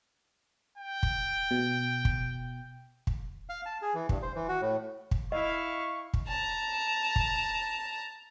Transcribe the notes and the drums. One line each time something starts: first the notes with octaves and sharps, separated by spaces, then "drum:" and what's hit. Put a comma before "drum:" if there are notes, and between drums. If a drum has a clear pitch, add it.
G5
drum: kick
B2
drum: kick
drum: kick
F5
A5
G#4
E3
G2, drum: kick
C5
E3
F#4
A2
drum: kick
E4 D#5 F5 C#6
drum: kick
A5 A#5
drum: kick